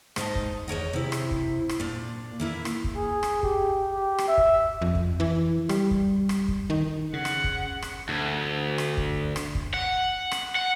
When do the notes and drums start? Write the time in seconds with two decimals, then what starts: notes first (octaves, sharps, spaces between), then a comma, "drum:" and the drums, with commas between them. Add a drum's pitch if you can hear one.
0.16 G#2 D#4 D#5 A5, drum: rim click
0.35 drum: kick
0.68 E2 E3 C#5 D#5
0.93 C3 E4
1.12 drum: rim click
1.31 drum: kick
1.69 drum: rim click
1.80 A#2 D4
2.40 E3 A#3 E4
2.65 drum: rim click
2.84 drum: kick
2.95 G#4
3.23 drum: rim click
3.43 G4, drum: kick
3.92 G4
4.18 drum: rim click
4.28 E5
4.38 drum: kick
4.82 F2
4.95 drum: kick
5.20 E3
5.69 G3, drum: rim click
5.91 drum: kick
6.29 drum: rim click
6.48 drum: kick
6.70 D#3
7.13 C#3 F#5
7.25 drum: rim click
7.44 drum: kick
7.82 drum: rim click
8.09 D2
8.78 drum: rim click
8.97 drum: kick
9.36 drum: rim click
9.55 drum: kick
9.74 F#5
10.31 drum: rim click
10.56 F#5